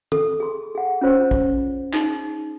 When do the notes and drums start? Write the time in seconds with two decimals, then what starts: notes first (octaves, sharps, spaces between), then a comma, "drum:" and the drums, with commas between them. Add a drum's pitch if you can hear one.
0.12 A4, drum: tom
0.40 G#4 C6
0.75 G#4 F#5
1.01 C#4 F4 C5 C#5
1.31 drum: kick
1.94 D#4 G#4, drum: clap